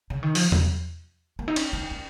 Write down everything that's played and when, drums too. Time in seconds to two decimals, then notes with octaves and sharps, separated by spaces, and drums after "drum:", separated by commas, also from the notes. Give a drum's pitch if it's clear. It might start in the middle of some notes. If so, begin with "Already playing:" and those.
0.10 C#3
0.23 D#3
0.35 F3, drum: open hi-hat
0.52 F#3, drum: tom E2
1.39 A#3
1.48 D#4
1.56 C#4, drum: cymbal
1.73 D#4
1.91 C#4